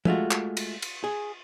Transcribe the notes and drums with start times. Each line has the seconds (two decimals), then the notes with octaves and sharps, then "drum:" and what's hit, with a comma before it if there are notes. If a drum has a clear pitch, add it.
0.05 G#3 A3 F4 F#4, drum: tom F3
0.31 drum: clap
0.57 drum: cymbal
0.82 drum: cymbal
1.04 G#4